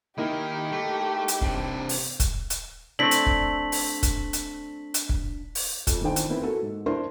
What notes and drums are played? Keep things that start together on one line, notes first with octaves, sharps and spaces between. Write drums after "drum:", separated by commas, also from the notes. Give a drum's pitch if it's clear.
D#3 A#3 D#4 E4 G4
A3
drum: hi-hat
C3 D4, drum: kick
drum: open hi-hat
drum: kick, hi-hat
drum: hi-hat
A3 C4 D4 E4 B6 F#7
drum: hi-hat
drum: kick
drum: open hi-hat
drum: kick, hi-hat
drum: hi-hat
drum: hi-hat
drum: kick
drum: open hi-hat
F2, drum: kick, hi-hat
F2 D#3 E3 D4 C5 G5
drum: hi-hat
A#3 C4 E4 B4
A#3 F#4 A4 A#4
G#2
D4 E4 A#4 C5 C6